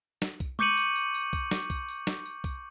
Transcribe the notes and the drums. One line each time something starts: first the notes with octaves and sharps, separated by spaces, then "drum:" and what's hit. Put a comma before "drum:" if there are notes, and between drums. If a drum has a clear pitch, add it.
drum: snare
drum: kick B1, tambourine
C#6 D6 G6 C#7 D#7 F#7, drum: tom G#3
drum: tambourine
drum: tambourine
drum: tambourine
drum: kick B1, tambourine
drum: snare
drum: kick B1, tambourine
drum: tambourine
drum: snare
drum: tambourine
drum: kick B1, tambourine